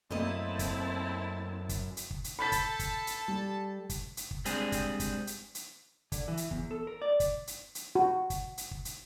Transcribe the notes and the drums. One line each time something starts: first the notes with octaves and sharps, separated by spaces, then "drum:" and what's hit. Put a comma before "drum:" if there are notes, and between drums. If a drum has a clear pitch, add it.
F#2 A3 A#3 C4 E4 D#5 A5
drum: kick, hi-hat
drum: kick, hi-hat
drum: hi-hat
drum: kick
drum: hi-hat
A4 A5 B5 G6 B6
drum: kick, hi-hat
drum: kick, hi-hat
drum: hi-hat
G3
drum: kick, hi-hat
drum: hi-hat
drum: kick
G3 G#3 C4 D4 G#4, drum: hi-hat
drum: kick, hi-hat
drum: kick, hi-hat
drum: hi-hat
drum: hi-hat
D3, drum: kick, hi-hat
E3
drum: hi-hat
E2, drum: kick
A4
A#4
D5
drum: kick, hi-hat
drum: hi-hat
drum: hi-hat
F#4
drum: kick, hi-hat
drum: hi-hat
drum: kick
drum: hi-hat